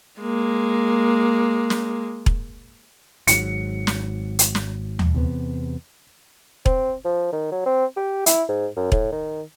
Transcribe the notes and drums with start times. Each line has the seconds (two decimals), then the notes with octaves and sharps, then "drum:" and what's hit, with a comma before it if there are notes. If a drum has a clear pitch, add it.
0.20 G#3 A#3
1.70 drum: snare
2.26 drum: kick E1
3.27 G#1 G#2 F#3 C#7, drum: hi-hat
3.87 drum: snare
4.39 drum: hi-hat
4.55 drum: snare
4.99 drum: tom D#2
5.15 E2 C3 B3
6.66 C4, drum: kick E1
7.05 F3
7.33 D#3
7.52 F#3
7.66 C4
7.97 G4
8.26 E4, drum: hi-hat
8.49 G#2
8.76 F#2
8.92 A2, drum: kick E1
9.12 D#3